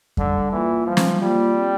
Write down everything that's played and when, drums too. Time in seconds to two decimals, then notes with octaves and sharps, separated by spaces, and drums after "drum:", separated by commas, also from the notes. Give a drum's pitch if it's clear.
0.17 D3 G3, drum: kick F2
0.52 E3 A#3 F4
0.87 F3 G3
0.97 drum: snare
1.21 G3 A#3 F4
1.56 C4